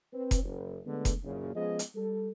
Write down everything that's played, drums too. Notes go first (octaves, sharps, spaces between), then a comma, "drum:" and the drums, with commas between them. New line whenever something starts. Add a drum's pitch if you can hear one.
C4 B4
drum: kick F1, hi-hat
F#1
D3 G#3 A3 B3
drum: kick F1, hi-hat
F#1 F#2 A#2 C#3
F3 G#3 B3 C#4 G#4 D#5
drum: hi-hat
G3 A4